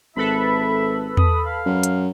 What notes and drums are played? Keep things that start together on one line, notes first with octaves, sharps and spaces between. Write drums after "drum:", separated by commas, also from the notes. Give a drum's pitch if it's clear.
G#1 A4 B4 E5 B5
D#6, drum: tom E2
F5
F#2
drum: hi-hat